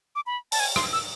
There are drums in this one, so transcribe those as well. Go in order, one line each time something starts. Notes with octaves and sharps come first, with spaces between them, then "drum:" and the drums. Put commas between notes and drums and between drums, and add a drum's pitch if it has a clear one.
D6
B5
A5, drum: open hi-hat
G#5
C6, drum: rim click
E6